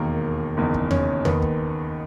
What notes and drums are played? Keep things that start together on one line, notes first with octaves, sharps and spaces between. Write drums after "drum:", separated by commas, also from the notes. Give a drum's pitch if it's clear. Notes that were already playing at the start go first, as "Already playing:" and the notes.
Already playing: E1 D#2 D#3 A#3
F#1 E2 D#3
drum: kick
C#4, drum: tom E2
D#2 D#3 B3, drum: tom E2
drum: kick